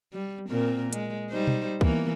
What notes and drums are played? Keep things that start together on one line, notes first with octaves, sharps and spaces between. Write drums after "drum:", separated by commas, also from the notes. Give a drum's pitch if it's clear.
G3
A#2 C4 A#4
G#3, drum: hi-hat
G3 D#4 C5
drum: tom B2
E3 A#3 B3, drum: kick